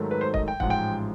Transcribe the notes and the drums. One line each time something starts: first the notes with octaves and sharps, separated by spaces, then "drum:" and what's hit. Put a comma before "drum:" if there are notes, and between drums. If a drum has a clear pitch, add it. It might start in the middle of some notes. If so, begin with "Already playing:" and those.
Already playing: G#2 D#3 F#3 A3
B4
C5
D#5, drum: kick
G5
A1 G#2 F3 F#5, drum: kick
G5